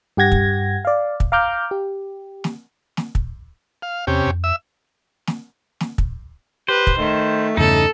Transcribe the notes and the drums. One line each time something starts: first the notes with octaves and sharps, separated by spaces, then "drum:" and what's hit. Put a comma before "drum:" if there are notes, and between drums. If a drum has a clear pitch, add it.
G2 G4 F#5 G#6 A#6
drum: kick
D5 F5
drum: kick
F5 A#5 D6 F6 G6
G4
drum: snare
drum: snare
drum: kick
F5
E2 C3 C#4 G4
F2
E5 E6
drum: snare
drum: snare
drum: kick
G4 B4 C5
drum: kick
D#3 A3
E2 G2 C#3 D#4 A4